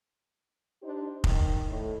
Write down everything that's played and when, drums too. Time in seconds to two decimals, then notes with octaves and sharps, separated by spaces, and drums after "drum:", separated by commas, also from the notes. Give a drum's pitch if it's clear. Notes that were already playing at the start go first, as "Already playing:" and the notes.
0.82 D4 D#4 G4 C5
1.24 D#3, drum: kick F1
1.68 A2